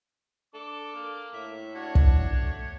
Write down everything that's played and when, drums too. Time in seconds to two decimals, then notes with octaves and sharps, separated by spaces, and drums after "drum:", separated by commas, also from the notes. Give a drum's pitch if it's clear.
0.54 D4 A4 D6
0.95 A#3
1.34 A2 E5
1.75 D4 F#4 C#5
1.95 drum: kick
2.44 A3